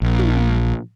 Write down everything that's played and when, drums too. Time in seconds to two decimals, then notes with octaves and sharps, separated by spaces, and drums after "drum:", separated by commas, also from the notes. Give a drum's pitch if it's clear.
0.02 A#1
0.19 drum: tom